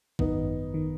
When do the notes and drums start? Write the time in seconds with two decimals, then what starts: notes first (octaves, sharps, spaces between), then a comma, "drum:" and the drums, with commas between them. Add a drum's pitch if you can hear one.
0.19 G#1 F#2 D#3 B3 D#4, drum: kick
0.74 D#3